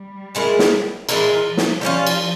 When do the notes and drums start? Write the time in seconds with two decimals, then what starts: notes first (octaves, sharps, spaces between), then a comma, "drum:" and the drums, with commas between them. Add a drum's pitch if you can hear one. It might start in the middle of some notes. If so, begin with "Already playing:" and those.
Already playing: G3
0.35 A#2 G#3 E4 A#4
0.59 drum: snare
1.09 A#2 E3 G#3 E4 A#4, drum: cymbal
1.46 F3
1.57 drum: snare
1.81 G3 A#3 C#4 F4
2.07 drum: cymbal